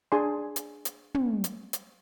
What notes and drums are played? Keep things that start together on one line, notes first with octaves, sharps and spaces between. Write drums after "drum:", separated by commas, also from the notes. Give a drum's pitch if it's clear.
D4 G#4 D5 G#5 C6
drum: hi-hat
drum: hi-hat
drum: tom
drum: hi-hat
drum: hi-hat